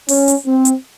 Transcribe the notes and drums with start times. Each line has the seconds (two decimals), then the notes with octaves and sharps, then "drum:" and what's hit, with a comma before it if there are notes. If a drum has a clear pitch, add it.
0.08 C#4, drum: open hi-hat
0.28 drum: hi-hat
0.46 C4
0.65 drum: hi-hat